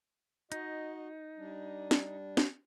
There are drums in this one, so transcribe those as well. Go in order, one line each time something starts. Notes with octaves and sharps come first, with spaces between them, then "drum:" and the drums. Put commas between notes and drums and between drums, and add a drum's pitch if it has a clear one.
D#4 F#4 D#5, drum: hi-hat
G3 D4
drum: snare
drum: snare